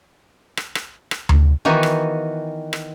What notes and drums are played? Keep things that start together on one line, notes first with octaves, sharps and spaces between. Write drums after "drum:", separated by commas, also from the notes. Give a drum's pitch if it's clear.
drum: rim click
drum: rim click
drum: rim click
drum: tom D2
D#3 E3 B3 D#4 F#4
drum: rim click
drum: rim click